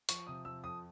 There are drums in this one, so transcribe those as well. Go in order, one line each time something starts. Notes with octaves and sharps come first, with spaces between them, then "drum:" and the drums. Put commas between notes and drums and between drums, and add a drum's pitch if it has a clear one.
F3 C#6, drum: hi-hat
C3 D#6
F3 E6
F2 D#6